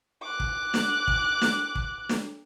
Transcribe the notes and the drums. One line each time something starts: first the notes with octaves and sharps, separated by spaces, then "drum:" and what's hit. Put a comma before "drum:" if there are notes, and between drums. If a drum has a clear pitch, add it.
D6 F#6
drum: kick
drum: snare
drum: kick
drum: snare
drum: kick
drum: snare